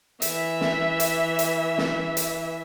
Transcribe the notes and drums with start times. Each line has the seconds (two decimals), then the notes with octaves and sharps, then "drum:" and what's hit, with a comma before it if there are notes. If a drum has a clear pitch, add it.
0.22 E3 E5, drum: hi-hat
0.61 drum: snare
1.00 drum: hi-hat
1.39 drum: hi-hat
1.78 drum: snare
2.17 drum: hi-hat